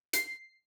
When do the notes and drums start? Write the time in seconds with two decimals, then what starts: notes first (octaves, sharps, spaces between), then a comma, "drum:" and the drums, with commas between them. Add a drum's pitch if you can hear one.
0.13 C7, drum: hi-hat